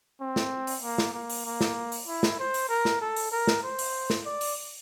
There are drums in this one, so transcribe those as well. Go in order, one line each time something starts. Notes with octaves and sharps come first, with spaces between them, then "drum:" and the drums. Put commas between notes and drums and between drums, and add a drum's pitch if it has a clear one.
C4
drum: snare
drum: open hi-hat
A#3
drum: snare
A#3
drum: open hi-hat
A#3
drum: snare
drum: open hi-hat
E4
drum: snare
C5
drum: open hi-hat
A#4
drum: snare
A4
drum: open hi-hat
A#4
drum: snare
C5
drum: open hi-hat
drum: snare
D5
drum: open hi-hat